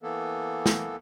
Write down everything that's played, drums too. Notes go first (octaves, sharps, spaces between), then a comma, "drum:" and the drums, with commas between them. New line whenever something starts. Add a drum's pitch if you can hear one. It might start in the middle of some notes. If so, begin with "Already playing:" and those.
E3 A#3 B3 A4
drum: snare